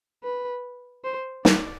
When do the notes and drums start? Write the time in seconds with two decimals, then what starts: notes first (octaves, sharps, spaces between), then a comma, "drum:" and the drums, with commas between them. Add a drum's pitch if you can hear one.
0.23 B4
1.04 C5
1.45 D5, drum: snare